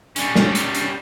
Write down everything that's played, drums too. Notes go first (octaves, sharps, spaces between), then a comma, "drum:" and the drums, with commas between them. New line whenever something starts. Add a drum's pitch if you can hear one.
G3 C#4, drum: hi-hat
drum: snare
drum: hi-hat
drum: hi-hat